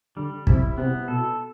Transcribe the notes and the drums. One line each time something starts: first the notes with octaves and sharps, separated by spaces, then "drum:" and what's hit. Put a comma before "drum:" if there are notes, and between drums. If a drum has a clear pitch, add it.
D3 G3
C3 E4, drum: kick
C3 B3
B2 A4